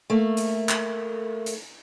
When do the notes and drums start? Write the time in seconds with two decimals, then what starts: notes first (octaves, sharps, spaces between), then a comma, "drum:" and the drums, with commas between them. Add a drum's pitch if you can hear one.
0.10 A3 A#3
0.37 drum: hi-hat
0.69 drum: clap
1.46 drum: hi-hat